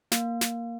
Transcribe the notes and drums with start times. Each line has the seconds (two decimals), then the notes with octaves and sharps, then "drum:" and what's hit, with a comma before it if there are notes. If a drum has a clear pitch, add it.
0.12 A#3, drum: snare
0.41 drum: snare